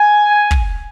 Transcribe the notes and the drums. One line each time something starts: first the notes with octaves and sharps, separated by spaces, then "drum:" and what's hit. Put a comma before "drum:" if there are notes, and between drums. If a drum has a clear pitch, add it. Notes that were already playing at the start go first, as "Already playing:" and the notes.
Already playing: G#5
drum: kick